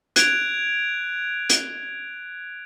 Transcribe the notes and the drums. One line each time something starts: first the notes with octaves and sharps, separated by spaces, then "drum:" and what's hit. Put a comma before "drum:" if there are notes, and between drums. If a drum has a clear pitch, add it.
F#6 G#6 D7 F7, drum: hi-hat
drum: hi-hat